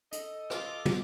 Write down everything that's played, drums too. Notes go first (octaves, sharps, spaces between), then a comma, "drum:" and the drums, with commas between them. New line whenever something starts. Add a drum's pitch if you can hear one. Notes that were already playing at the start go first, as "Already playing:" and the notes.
A4 D#5, drum: hi-hat
F4 D6, drum: rim click
drum: tom